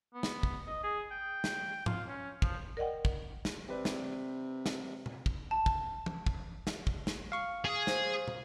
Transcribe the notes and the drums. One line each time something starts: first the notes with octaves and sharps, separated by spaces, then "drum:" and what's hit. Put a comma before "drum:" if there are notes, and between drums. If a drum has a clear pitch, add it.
B3
drum: snare
drum: kick
D#5
G#4
G5
drum: snare
F4, drum: tom G#2
C#4
F3, drum: kick
A#4 D5 D#5 F#5 G5
drum: kick
drum: snare
C3 C4 B4 D5
drum: snare
drum: snare
drum: tom
drum: kick
A5
drum: kick
drum: tom
drum: kick
drum: snare
drum: kick
drum: snare
F5 C#6
G#4
C5, drum: snare
drum: tom